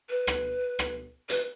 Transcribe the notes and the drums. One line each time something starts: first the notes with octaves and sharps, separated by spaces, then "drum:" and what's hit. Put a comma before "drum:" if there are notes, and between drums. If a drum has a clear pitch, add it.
B4
drum: rim click
drum: rim click
B4, drum: hi-hat